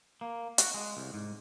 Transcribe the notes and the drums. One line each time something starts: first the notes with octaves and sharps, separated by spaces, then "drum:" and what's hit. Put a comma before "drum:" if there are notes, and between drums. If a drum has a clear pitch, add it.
A#3
F#4, drum: hi-hat
G#3
C2
G#2